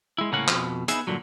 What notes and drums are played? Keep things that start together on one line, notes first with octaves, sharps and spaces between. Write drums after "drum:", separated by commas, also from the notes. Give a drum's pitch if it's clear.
G#3 E4
C2 A2 C#3 A#3 C#4 F#5
F2 B2, drum: clap
B3 D#4 G#4 B4 E5, drum: hi-hat
G2 A#2 D3 F#3